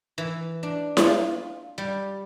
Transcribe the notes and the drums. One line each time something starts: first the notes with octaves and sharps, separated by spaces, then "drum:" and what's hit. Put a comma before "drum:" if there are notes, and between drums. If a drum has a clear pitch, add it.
E3
D4
F4, drum: snare E4
G3